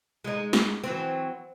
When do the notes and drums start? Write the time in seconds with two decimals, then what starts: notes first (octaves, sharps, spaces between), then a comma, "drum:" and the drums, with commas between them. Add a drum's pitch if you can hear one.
0.24 G#3 D#4
0.53 drum: snare
0.84 E3 F#3 C4